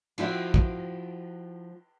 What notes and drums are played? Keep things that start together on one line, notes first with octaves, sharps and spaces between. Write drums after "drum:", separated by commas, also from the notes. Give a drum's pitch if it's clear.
F3 E4 F#4 E5, drum: cymbal
drum: kick